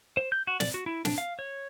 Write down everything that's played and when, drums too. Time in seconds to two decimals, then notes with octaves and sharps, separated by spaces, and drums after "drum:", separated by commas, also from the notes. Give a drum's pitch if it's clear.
0.17 C5
0.32 G6
0.47 F#4
0.60 D5, drum: snare
0.74 F#4
0.86 E4
1.05 D4, drum: snare
1.18 F5
1.39 C#5